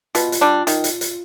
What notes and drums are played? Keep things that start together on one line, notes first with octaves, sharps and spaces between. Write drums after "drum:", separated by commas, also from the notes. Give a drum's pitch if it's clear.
B2 F4, drum: hi-hat
drum: hi-hat
G3 D4
D#3, drum: hi-hat
drum: hi-hat
drum: hi-hat